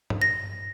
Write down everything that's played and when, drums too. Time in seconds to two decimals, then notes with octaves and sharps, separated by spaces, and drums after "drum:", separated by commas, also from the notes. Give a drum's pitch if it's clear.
0.10 drum: tom G2
0.22 A#6